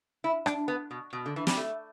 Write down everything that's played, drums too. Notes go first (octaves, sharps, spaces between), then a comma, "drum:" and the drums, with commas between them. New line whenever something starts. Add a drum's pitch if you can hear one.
E4
D4, drum: rim click
B3
B2
B2
D3
E3
G3, drum: snare
A3